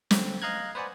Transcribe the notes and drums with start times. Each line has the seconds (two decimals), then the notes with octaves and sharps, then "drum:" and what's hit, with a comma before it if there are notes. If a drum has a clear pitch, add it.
0.11 D3 C4, drum: snare
0.42 D#5 F5 A#5 F#6 G#6
0.75 B4 C5 D5 F#5 G#5